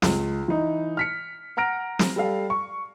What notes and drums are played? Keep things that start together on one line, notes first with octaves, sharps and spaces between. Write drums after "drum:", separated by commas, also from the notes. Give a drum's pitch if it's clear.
C#2, drum: snare
E3 D#4
F6 B6 C#7
F#5 A#5 F6 A#6 D7
drum: snare
G3 A4 F5
C#6